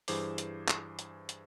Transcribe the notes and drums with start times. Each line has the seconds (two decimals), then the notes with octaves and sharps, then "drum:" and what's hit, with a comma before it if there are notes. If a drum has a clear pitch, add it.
0.08 G2 E3 G#4 C5 D6, drum: open hi-hat
0.38 drum: hi-hat
0.68 drum: clap
0.99 drum: hi-hat
1.29 drum: hi-hat